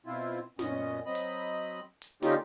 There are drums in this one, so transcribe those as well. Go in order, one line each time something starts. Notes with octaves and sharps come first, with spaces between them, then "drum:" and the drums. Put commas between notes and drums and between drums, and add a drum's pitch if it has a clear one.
B2 C4 E4 F4
F#2 A#2 B3 C#4 D#5, drum: snare
F#3 C4 D#5 B5
drum: hi-hat
drum: hi-hat
D3 A#3 C#4 D#4 F4 G4, drum: snare